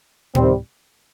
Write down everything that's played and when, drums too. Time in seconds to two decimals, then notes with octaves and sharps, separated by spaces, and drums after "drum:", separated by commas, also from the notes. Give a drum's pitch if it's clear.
0.35 C3 D#3 G3 C4, drum: tom A2